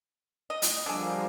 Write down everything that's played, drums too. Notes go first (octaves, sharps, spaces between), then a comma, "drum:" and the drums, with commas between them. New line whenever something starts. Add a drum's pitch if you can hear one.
D#5
drum: hi-hat
D3 F3 G3 A#3 G#4